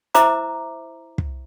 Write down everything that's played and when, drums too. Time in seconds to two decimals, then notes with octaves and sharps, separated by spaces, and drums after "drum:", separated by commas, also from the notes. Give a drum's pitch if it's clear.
0.14 E4 C5 E5 A#5 D6 E6, drum: hi-hat
1.18 drum: kick